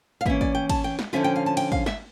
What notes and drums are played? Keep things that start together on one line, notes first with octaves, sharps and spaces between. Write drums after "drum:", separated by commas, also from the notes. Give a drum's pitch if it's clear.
F5
E3 A#3 C#4 E5, drum: kick
D5, drum: kick
G5
A5, drum: kick, cymbal
G5
drum: snare
D3 F3 C#4 F4 E5
G5
F5
A5
G5, drum: cymbal
F5, drum: kick
E5, drum: snare